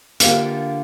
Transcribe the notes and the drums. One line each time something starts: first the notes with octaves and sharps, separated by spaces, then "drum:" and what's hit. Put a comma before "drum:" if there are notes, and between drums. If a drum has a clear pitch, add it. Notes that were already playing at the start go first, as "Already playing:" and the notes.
D3 A#3 F4 G4, drum: hi-hat